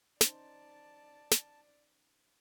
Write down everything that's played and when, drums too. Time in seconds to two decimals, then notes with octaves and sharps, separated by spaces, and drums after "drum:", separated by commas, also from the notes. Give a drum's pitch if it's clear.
0.21 C#4 D#4 C5 D5 A5, drum: snare
1.31 drum: snare